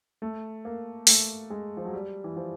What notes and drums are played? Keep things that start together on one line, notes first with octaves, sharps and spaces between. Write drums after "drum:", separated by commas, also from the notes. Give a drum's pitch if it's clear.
A3
A#3
A3, drum: open hi-hat
G#3
F3
F#3
G3
E3
F3